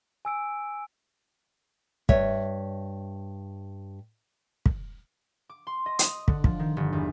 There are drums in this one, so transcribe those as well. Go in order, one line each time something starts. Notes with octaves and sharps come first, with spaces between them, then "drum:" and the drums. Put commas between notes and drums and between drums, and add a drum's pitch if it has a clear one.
G#5 E6 D7
G2 C#5 E5, drum: kick
drum: kick
D6
C6
D#5
D#6, drum: hi-hat
D3, drum: kick
F3, drum: kick
D#3
G1
E2